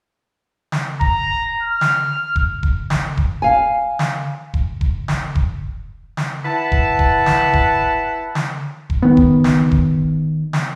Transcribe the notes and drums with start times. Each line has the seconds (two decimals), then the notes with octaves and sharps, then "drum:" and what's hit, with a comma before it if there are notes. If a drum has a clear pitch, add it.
0.72 drum: snare
1.01 A#5, drum: kick E1
1.62 F6
1.81 drum: snare
2.36 drum: kick E1
2.63 drum: kick E1
2.90 drum: snare
3.17 drum: kick E1
3.42 F5 G#5
3.99 drum: snare
4.54 drum: kick E1
4.81 drum: kick E1
5.08 drum: snare
5.35 drum: kick E1
6.17 drum: snare
6.44 E4 B4 F#5 A5
6.72 drum: kick E1
6.99 drum: kick E1
7.26 drum: snare
7.53 drum: kick E1
8.35 drum: snare
8.90 drum: kick E1
9.02 D#3 B3
9.17 drum: kick E1
9.44 drum: snare
9.71 drum: kick E1
10.53 drum: snare